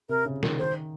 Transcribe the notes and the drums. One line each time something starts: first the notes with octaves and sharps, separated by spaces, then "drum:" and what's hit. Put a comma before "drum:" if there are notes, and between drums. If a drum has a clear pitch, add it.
C3 A#4
C#3
D#3, drum: snare
D#3 C5